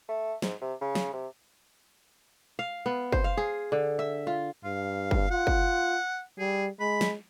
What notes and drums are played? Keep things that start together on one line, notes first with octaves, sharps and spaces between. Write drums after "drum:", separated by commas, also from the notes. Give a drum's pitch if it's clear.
A3
G#2, drum: snare
C3
C#3
drum: snare
C3
F5
B3
C5, drum: kick
F5
G#4
D3
E5
F4
G2 F5
drum: kick
F4 F#5
drum: kick
G3 G#4
G#3 B5
drum: snare